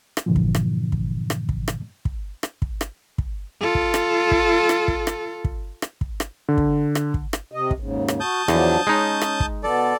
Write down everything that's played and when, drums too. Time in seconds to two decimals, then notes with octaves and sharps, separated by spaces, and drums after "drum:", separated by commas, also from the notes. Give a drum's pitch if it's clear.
0.17 drum: rim click
0.26 G2 A#2 D3 E3 F3
0.36 drum: kick
0.55 drum: rim click
0.92 drum: kick
1.30 drum: rim click
1.49 drum: kick
1.68 drum: rim click
2.05 drum: kick
2.43 drum: rim click
2.62 drum: kick
2.81 drum: rim click
3.18 drum: kick
3.61 F4 A4
3.75 drum: kick
3.94 drum: rim click
4.31 drum: kick
4.69 drum: rim click
4.88 drum: kick
5.07 drum: rim click
5.45 drum: kick
5.82 drum: rim click
6.01 drum: kick
6.20 drum: rim click
6.49 D3
6.58 drum: kick
6.95 drum: rim click
7.14 drum: kick
7.33 drum: rim click
7.52 C3 D#5
7.71 drum: kick
7.80 D#2 G#2 C#3
8.08 drum: rim click
8.20 F#4 A5 D#6 G6
8.48 E2 F3 F#3 D4, drum: rim click
8.87 G#3 C#4 D#4
9.21 drum: rim click
9.40 drum: kick
9.64 B2 B3 A4 D5